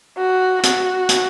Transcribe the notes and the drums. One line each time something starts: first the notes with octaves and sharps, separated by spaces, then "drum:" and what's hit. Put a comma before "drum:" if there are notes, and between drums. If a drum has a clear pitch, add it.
F#4
F#4, drum: hi-hat
drum: hi-hat